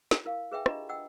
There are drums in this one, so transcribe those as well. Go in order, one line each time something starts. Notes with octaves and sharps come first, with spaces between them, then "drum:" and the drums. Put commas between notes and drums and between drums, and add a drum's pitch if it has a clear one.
drum: snare
E4 A#4 F5
G#4 B4 E5 G5 G#5
D4 F4 G4 B4 D#5 A#5, drum: rim click
D#5 F#5 G5 E6